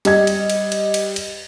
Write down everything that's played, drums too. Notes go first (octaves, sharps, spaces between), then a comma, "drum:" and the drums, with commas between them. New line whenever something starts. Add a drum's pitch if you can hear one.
G3 D#5 G#6, drum: cymbal
drum: cymbal
drum: cymbal
drum: cymbal
drum: cymbal
drum: cymbal